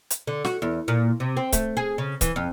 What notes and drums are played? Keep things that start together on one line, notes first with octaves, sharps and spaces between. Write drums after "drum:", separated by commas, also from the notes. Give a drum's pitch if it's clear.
drum: hi-hat
D3
F#4, drum: snare
E2
A#2
C3
C4
A3, drum: kick C#1, hi-hat
G#4
C#3
E3, drum: kick C#1, hi-hat
F2